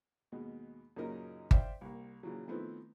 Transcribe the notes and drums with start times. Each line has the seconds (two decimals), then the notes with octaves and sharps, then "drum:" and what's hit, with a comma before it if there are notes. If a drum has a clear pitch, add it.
0.32 D#2 B2 G#3
0.96 F#2 A#2 C#3 D#4 A#4 D#5
1.51 C5 D5 E5 F5 G5, drum: kick G1
1.81 C2 A#3
2.23 A#2 C#3 E3 F#3
2.48 D#3 F3 A3 B3 C4 E4